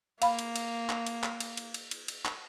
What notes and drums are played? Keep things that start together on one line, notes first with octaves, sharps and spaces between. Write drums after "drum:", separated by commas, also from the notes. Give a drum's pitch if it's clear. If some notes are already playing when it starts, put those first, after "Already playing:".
A#3 F5 B5, drum: cymbal
drum: cymbal
drum: cymbal
drum: clap
drum: cymbal
drum: clap
drum: cymbal
drum: cymbal
drum: cymbal
drum: cymbal
drum: cymbal
drum: clap